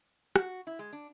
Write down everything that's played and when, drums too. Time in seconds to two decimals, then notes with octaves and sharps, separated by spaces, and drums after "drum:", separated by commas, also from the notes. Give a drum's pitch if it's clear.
0.36 F#4, drum: rim click
0.67 E4
0.79 G#3
0.93 D4